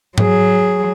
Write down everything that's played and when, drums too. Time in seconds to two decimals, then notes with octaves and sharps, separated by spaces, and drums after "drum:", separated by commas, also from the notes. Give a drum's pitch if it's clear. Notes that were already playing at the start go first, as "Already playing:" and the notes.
0.18 F#3 G#4, drum: tom G#2